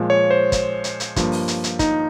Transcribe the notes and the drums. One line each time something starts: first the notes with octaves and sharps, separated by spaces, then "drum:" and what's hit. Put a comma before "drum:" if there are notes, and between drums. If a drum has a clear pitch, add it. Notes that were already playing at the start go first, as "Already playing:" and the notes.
Already playing: A#2 F3 G#3
C#5
C5
drum: kick, hi-hat
drum: hi-hat
drum: hi-hat
G2 F3 A#3, drum: kick, hi-hat
drum: open hi-hat
drum: hi-hat
drum: hi-hat
D#4, drum: kick, hi-hat